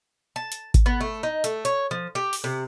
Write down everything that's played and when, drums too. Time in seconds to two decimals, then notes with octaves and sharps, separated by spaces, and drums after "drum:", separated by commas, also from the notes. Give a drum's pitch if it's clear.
0.36 A5
0.52 drum: hi-hat
0.74 drum: kick G#1, hi-hat
0.86 B3
1.01 A3
1.23 D#4
1.44 A3, drum: hi-hat
1.65 C#5, drum: hi-hat
1.91 F3
2.15 G4
2.33 drum: open hi-hat
2.44 C3